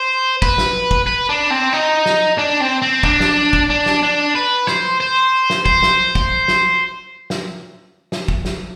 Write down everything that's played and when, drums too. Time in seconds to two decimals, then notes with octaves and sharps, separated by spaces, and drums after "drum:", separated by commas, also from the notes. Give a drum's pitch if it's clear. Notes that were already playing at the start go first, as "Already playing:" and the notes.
Already playing: C5
0.42 B4, drum: kick
0.58 drum: snare
0.91 drum: kick
1.07 B4
1.29 D4
1.50 C4
1.73 D#4
2.06 drum: snare
2.38 D4
2.61 C4
2.82 C4
3.03 D4, drum: kick
3.20 drum: snare
3.53 drum: kick
3.69 D4
3.86 drum: snare
4.03 D4
4.35 B4
4.67 C5, drum: snare
5.00 C5
5.50 drum: snare
5.66 C5, drum: kick
5.83 drum: snare
6.15 drum: kick
6.48 drum: snare
7.30 drum: snare
8.12 drum: snare
8.28 drum: kick
8.45 drum: snare